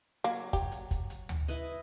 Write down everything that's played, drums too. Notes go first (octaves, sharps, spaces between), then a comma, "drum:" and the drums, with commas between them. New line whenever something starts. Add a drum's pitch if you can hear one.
F#3 A#3
G4, drum: kick, hi-hat
drum: hi-hat
drum: kick, hi-hat
drum: hi-hat
drum: tom D2
E4 B4 D#5, drum: hi-hat